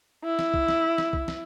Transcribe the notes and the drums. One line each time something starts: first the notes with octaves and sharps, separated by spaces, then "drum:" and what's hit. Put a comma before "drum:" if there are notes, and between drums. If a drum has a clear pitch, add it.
E4
drum: snare
drum: kick
drum: snare
drum: snare
drum: kick
drum: snare